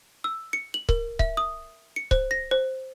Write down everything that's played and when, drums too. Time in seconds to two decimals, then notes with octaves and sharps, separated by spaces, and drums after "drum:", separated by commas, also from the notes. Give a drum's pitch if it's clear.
0.24 E6
0.53 C#7
0.74 F#7
0.89 A#4, drum: kick C#1
1.19 E5, drum: kick C#1
1.37 D#6
1.96 C#7
2.11 C5, drum: kick C#1
2.31 A#6
2.51 C5